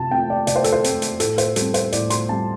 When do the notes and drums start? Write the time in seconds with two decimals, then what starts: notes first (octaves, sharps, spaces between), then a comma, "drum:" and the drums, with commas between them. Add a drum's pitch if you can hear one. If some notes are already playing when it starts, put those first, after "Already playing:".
Already playing: C3 A5
0.11 A3 C4 G5
0.30 D5
0.47 C3 D5, drum: hi-hat
0.56 C5
0.64 A4, drum: hi-hat
0.72 C5
0.84 A3 C4, drum: hi-hat
1.02 drum: hi-hat
1.20 A2 A4, drum: hi-hat
1.38 C5, drum: hi-hat
1.56 G3 C4 A4, drum: hi-hat
1.74 C5, drum: hi-hat
1.92 A2 D5, drum: hi-hat
2.10 C6, drum: hi-hat
2.29 G3 C4 A5